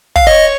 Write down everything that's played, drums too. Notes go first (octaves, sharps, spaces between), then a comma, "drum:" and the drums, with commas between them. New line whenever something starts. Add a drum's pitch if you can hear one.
F5, drum: kick
C#5 D#5